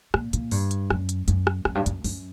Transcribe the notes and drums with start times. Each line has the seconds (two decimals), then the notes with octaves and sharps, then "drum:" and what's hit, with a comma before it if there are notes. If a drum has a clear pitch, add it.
0.14 A#2, drum: rim click
0.33 A#2, drum: hi-hat
0.51 G2, drum: open hi-hat
0.71 drum: hi-hat
0.90 F#2, drum: rim click
1.09 drum: hi-hat
1.28 F#2, drum: hi-hat
1.47 drum: rim click
1.65 F#2, drum: rim click
1.75 G2
1.86 F#2, drum: hi-hat
2.04 F#2, drum: open hi-hat